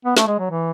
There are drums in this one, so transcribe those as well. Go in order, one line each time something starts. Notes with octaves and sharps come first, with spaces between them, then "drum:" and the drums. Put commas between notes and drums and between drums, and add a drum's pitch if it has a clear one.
B3
A3, drum: snare
G#3
F#3
E3